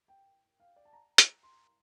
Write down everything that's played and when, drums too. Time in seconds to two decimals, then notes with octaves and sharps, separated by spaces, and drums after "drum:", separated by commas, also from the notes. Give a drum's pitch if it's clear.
0.08 G5
0.60 F5
0.76 D5
0.85 A5
0.93 A#5
1.18 drum: hi-hat
1.43 C6